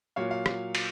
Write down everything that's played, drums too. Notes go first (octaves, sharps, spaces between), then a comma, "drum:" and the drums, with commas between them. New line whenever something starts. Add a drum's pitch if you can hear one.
A#2 F#3 C#5 F5
F5
drum: rim click
drum: cymbal